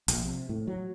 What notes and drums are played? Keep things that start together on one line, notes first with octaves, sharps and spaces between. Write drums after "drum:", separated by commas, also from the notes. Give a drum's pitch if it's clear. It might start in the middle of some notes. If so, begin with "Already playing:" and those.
A#1, drum: hi-hat
C3
A2
F#3